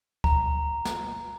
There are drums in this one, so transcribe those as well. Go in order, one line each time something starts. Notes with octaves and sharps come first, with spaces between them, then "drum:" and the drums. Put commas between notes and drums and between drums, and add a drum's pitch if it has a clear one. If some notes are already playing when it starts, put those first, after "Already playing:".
A#5, drum: kick D2
drum: snare